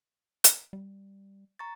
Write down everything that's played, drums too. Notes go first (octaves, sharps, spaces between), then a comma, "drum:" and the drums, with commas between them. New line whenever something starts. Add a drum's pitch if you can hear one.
drum: hi-hat
G3
A#5 C#6 A6